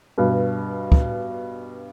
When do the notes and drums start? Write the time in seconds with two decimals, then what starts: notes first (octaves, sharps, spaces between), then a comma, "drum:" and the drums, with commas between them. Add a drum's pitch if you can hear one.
0.18 G2 B2
0.92 drum: kick